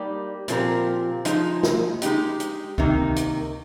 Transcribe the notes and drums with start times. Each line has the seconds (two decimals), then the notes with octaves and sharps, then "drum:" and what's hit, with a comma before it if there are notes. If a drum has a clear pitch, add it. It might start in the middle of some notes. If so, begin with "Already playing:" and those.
Already playing: G3 A#3 D#4 G4 D5
0.48 A#2 F3 C4 G4 A#4, drum: hi-hat
1.25 F3 G#3 D#4, drum: hi-hat
1.63 drum: snare
2.02 G#3 D#4 G4, drum: hi-hat
2.40 drum: hi-hat
2.78 C3 D#3 A#3 D#4, drum: kick C#2
3.16 drum: hi-hat